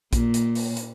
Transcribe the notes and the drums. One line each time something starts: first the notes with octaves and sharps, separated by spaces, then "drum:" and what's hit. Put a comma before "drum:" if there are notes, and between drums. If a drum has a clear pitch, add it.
A#2, drum: kick A#1, hi-hat
drum: hi-hat
drum: open hi-hat
drum: hi-hat